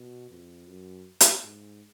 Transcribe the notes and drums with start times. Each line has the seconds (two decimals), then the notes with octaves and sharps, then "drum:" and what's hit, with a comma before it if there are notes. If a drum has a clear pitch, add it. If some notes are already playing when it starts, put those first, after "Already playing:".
Already playing: B2
0.30 F2
0.67 F#2
1.20 drum: hi-hat
1.43 G#2